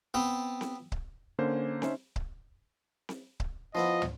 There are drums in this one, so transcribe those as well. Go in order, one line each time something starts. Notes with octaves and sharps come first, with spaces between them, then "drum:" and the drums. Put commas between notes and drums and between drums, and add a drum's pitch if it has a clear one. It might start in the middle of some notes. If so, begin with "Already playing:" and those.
B3 C4
drum: snare C4
drum: kick C#1
D3 A#3 C#4 C5
C#4 D#4 C5 E5, drum: snare C4
drum: kick C#1
drum: snare C4
drum: kick C#1
F3 B3 E4 F4 D#5
drum: tom